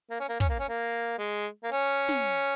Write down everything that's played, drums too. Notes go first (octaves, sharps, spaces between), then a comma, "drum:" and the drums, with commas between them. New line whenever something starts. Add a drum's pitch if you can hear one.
A#3
C#4
A#3
C#4, drum: kick
A#3
C#4
A#3
G#3
A#3
C#4, drum: hi-hat
drum: snare